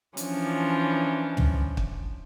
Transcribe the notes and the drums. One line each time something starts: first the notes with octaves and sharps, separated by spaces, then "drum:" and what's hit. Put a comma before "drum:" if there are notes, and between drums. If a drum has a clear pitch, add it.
E3 F3 C#4 D4, drum: hi-hat
drum: tom
drum: kick